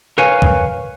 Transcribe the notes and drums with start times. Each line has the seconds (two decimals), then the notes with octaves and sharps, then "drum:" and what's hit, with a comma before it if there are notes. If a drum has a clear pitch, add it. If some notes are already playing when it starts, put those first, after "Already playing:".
0.18 A#4 B4 C#5 F5 G#5
0.42 drum: kick